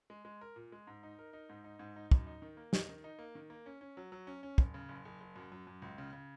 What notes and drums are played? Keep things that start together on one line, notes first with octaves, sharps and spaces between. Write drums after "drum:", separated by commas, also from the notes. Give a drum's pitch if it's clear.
G#3
G#3
A#4
A#2
G#3
G#2
D#4
A#4
D#4
G#2
D#4
G#2
D#4
F#2, drum: kick
D#4
D#3
A#3
D#4, drum: snare
D#3
D#4
A#3
D#3
A#3
C#4
C#4
F#3
F#3
C#4
C#4
F#1, drum: kick
C#3
F#1
F#1
F#1
F#2
F#2
F#2
C#2
C#3
C#3